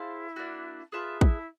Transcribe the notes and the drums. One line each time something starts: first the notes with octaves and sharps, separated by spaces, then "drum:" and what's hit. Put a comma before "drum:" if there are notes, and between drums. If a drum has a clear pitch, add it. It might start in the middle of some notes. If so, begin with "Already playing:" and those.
Already playing: E4 G#4 C5 F5 A5
A#3 D4 F#4
F4 G#4 B4 E5 A5
E4, drum: kick